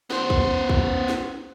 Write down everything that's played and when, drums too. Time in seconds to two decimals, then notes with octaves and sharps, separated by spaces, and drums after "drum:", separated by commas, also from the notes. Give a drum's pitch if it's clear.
0.10 B3 C5, drum: snare
0.30 drum: kick
0.69 drum: kick
1.09 drum: snare